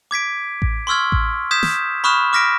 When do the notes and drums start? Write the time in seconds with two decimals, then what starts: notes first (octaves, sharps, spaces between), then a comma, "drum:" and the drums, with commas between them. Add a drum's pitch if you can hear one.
0.11 D6 G#6 B6 D7
0.62 drum: kick A1
0.87 C6 C#6 E6 F6 G#6
1.12 drum: kick A1
1.51 D#6 G6 G#6 B6 E7
1.63 drum: snare
2.04 B5 C#6 D#6 F6 F#6 E7
2.33 D6 F6 A#6 B6 D7